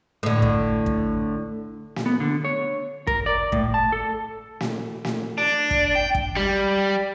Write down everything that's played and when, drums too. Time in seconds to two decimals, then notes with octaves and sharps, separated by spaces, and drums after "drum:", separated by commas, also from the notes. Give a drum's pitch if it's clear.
0.23 A2 D3
0.42 drum: kick
0.86 drum: kick
1.96 drum: snare
2.06 B3
2.20 D3
2.45 C#5
3.07 A#4, drum: kick
3.26 D5
3.52 A2, drum: kick
3.74 A5
3.92 A4
4.60 drum: snare
5.05 drum: snare
5.38 D4
5.71 drum: kick
5.95 G5
6.15 drum: kick
6.37 G3